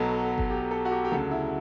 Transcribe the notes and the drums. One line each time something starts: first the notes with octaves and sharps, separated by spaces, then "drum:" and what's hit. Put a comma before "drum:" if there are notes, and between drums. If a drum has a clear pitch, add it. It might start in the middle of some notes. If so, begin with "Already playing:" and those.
Already playing: B1 B2 F#3 A4
drum: kick G1
G4
A4
F#4
G4
G4
D2 C#3 F#3 A4
E4